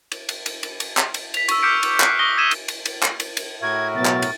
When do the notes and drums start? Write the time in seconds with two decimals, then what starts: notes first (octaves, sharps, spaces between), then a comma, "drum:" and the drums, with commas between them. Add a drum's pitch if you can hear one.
0.12 drum: cymbal
0.29 drum: cymbal
0.46 drum: cymbal
0.63 drum: cymbal
0.80 drum: cymbal
0.97 drum: clap
1.14 drum: cymbal
1.34 B6 F7, drum: cymbal
1.49 C#6 E6, drum: cymbal
1.63 D6 F6 G6 B6 C#7 D7
1.83 drum: cymbal
2.00 F#6 B6 C7, drum: clap
2.19 C#6 D#6 A#6 G7
2.38 D#6 E6 G#6 B6 D#7 E7
2.51 drum: cymbal
2.68 drum: cymbal
2.85 drum: cymbal
3.03 drum: clap
3.20 drum: cymbal
3.37 drum: cymbal
3.62 A2 F#4 A#4 E5 G#6
3.96 B2 F#3 A6
4.05 drum: clap
4.22 drum: cymbal